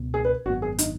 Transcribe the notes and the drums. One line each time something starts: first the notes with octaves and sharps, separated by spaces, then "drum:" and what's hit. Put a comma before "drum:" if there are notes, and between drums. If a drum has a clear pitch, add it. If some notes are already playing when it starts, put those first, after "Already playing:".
Already playing: C#2 B2 B3
G#4
B4
G#1 F#2 C#3 B3 F#4
G#4
D#4, drum: hi-hat